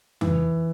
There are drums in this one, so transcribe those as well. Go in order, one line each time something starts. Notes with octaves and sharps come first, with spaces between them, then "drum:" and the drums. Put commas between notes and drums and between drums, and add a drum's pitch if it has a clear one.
E3, drum: tom F2